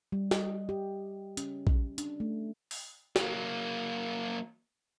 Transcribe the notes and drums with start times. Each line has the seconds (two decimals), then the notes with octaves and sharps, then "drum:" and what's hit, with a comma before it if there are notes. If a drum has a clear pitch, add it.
0.12 G3
0.31 D#5, drum: snare
0.69 G4
1.37 C#4, drum: hi-hat
1.67 drum: kick
1.98 D4, drum: hi-hat
2.20 A3
2.71 drum: open hi-hat
3.16 F#3 A#3, drum: snare